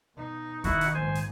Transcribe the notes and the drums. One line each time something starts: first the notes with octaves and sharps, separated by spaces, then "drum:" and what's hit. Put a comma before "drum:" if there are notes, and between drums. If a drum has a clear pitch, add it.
B2 D#4
D#3 E4 F#4 F#5, drum: kick E1, hi-hat
drum: hi-hat
A#1 G#2 C5 G#5
drum: hi-hat